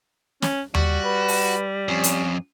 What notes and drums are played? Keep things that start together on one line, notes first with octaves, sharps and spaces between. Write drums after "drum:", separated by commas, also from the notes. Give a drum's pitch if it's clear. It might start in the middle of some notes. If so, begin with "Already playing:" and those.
C#4, drum: snare
G3 F#4, drum: tom D#2
B4
drum: open hi-hat
F2 C#4
drum: hi-hat